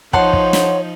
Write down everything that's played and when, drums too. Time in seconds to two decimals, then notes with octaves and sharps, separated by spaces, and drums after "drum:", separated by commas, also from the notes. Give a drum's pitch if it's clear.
0.13 F3 D#4 C#5 F#5 A5 C6, drum: kick
0.33 drum: kick
0.53 drum: snare